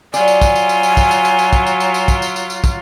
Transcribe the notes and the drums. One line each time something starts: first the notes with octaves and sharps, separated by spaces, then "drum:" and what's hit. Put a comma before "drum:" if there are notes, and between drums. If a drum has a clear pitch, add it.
F#3 F4 D5 G#5, drum: tambourine
drum: tambourine
drum: kick, tambourine
drum: tambourine
drum: tambourine
drum: tambourine
drum: kick, tambourine
drum: tambourine
drum: tambourine
drum: tambourine
drum: kick, tambourine
drum: tambourine
drum: tambourine
drum: tambourine
drum: kick, tambourine
drum: tambourine
drum: tambourine
drum: tambourine
drum: kick, tambourine